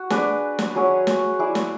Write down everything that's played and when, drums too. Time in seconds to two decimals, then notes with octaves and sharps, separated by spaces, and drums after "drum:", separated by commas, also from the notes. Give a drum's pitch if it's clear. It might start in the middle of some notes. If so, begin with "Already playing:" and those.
Already playing: F#4
0.10 D4 G#4 B4 D5, drum: snare
0.59 drum: snare
0.75 F#3 C#4 G#4 C#5
1.07 drum: snare
1.39 E4 G#4 D5
1.55 drum: snare